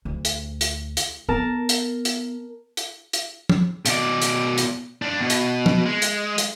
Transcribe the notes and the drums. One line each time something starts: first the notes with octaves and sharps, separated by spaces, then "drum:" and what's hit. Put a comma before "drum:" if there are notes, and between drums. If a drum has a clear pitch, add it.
D2
drum: hi-hat
drum: hi-hat
drum: hi-hat
B3 A#4 A5
drum: hi-hat
drum: hi-hat
drum: hi-hat
drum: hi-hat
drum: tom
B2 D5, drum: hi-hat
drum: hi-hat
drum: hi-hat
G2 D4
B2
drum: hi-hat
drum: tom
G#3
drum: hi-hat
drum: hi-hat